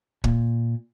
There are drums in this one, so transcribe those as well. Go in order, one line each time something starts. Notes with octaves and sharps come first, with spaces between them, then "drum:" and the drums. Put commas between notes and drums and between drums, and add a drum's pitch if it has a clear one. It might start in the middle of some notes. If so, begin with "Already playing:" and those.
A#2, drum: kick